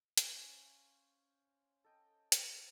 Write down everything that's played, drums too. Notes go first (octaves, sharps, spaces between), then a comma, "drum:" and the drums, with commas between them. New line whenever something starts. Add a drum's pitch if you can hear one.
C#4 C5 F5, drum: hi-hat
A4 D#5 G5
drum: hi-hat